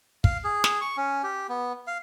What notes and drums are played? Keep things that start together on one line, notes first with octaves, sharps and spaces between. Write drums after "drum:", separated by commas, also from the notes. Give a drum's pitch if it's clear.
F5, drum: kick
G#4
drum: snare
C#6
C#4
G4
B3
F5